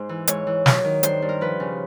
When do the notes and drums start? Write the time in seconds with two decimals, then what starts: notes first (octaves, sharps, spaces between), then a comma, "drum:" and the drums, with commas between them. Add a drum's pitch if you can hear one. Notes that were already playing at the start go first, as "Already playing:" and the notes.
Already playing: G#2 C5
0.09 E3
0.27 G#2 C#5, drum: hi-hat
0.47 E3
0.66 F#3, drum: snare
0.85 D#3
1.03 G2 C5, drum: hi-hat
1.22 G2
1.29 A#4
1.41 F3 B4
1.60 C#3